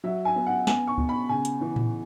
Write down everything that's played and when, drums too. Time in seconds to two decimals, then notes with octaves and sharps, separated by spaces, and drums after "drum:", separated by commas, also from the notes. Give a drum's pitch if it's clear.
0.04 F#3 E5
0.25 G#5
0.36 B3
0.46 F#5
0.67 B3 G#5, drum: snare
0.87 C#6
0.98 B2, drum: kick
1.09 B5
1.29 C#3 G#5
1.45 drum: hi-hat
1.61 E3
1.76 drum: tom A2